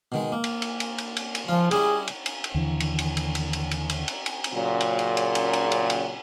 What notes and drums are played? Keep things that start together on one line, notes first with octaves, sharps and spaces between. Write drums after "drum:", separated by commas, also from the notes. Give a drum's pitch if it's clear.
B2 D#3 G#3
A#3
drum: cymbal
drum: cymbal
drum: cymbal
drum: cymbal
drum: cymbal
drum: cymbal
F3 F4
G3 C#4 E4 G#4, drum: cymbal
drum: cymbal
drum: cymbal
drum: cymbal
D#2 D3 E3
drum: cymbal
drum: cymbal
drum: cymbal
drum: cymbal
drum: cymbal
drum: cymbal
drum: cymbal
drum: cymbal
drum: cymbal
drum: cymbal
A#2 C#3 F#3
drum: cymbal
drum: cymbal
drum: cymbal
drum: cymbal
drum: cymbal
drum: cymbal
drum: cymbal